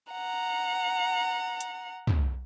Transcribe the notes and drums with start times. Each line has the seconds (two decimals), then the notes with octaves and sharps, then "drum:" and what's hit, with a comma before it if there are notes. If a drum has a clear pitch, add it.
0.11 F#5 A#5
1.60 drum: hi-hat
2.07 drum: tom